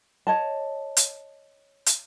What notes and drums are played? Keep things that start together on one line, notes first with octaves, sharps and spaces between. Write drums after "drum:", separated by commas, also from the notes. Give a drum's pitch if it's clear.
C#5 D#5 A5
drum: hi-hat
drum: hi-hat